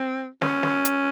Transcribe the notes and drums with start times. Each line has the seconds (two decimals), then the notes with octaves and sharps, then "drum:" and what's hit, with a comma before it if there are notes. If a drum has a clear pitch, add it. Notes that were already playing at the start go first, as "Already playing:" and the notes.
Already playing: C4
0.42 C#4, drum: snare
0.63 drum: snare
0.85 drum: hi-hat